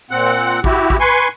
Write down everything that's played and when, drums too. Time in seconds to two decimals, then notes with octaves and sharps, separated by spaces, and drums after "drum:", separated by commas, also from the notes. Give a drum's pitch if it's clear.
0.10 A#2 C4 F#5
0.64 E4 F#4 G4, drum: kick A1
0.90 drum: kick A1
1.00 B4 G#5 C6 C#6